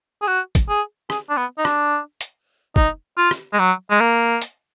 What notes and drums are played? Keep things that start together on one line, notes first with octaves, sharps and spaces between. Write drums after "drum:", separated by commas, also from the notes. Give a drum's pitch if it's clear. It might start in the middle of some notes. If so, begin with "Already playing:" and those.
G#4
F#4
drum: kick, hi-hat
G#4
G#4, drum: rim click
D4
B3
D#4
D4, drum: rim click
drum: hi-hat
D#4, drum: kick
F4
drum: rim click
G#3
F#3
G#3
A#3
drum: hi-hat